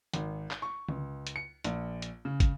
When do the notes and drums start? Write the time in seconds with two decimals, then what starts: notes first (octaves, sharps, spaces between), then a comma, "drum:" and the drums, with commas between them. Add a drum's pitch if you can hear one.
0.14 G#1, drum: hi-hat
0.51 drum: clap
0.62 C#6
0.88 C#2, drum: tom D3
1.27 drum: hi-hat
1.36 C#7
1.64 A#1, drum: hi-hat
2.02 drum: hi-hat
2.25 C#3
2.40 drum: kick, hi-hat